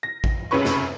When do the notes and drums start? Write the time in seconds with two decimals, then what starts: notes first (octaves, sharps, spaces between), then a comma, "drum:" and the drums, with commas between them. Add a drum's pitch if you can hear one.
0.03 A#6
0.24 drum: kick A1
0.51 F1 F#2 C#3 C#4 B4 C#6
0.65 drum: snare